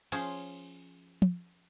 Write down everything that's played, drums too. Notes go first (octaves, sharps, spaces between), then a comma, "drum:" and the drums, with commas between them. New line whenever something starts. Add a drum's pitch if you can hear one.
F3 C#4 F4 G#4 C5, drum: cymbal
drum: tom